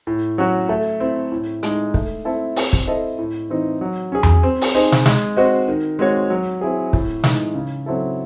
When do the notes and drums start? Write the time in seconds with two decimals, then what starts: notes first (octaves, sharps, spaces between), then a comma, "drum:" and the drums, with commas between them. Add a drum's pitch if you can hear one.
0.07 A2
0.38 F#3 C#4 F#4
0.69 A3
1.00 C4 E4
1.32 A2
1.63 G#3 D#4, drum: hi-hat
1.94 A3, drum: kick
2.25 C4 E4 A4
2.56 C4, drum: open hi-hat
2.73 drum: kick
2.87 E4 A4 C5 D#5
3.18 A2
3.50 E3 C4 D#4
3.81 F#3
4.12 C#4 G#4
4.23 drum: tom E2
4.43 C4
4.61 drum: open hi-hat
4.75 D#4 G#4 C5 D#5
4.92 drum: snare
5.06 G#3, drum: snare
5.36 C4 F#4 C5 D#5
5.68 D#3
5.99 G#3 C4 F#4 C#5
6.30 F#3
6.61 C4 E4 G#4
6.93 A2, drum: kick
7.24 E3 G#3 D#4, drum: snare
7.55 C#3
7.86 F#3 C4 E4 A4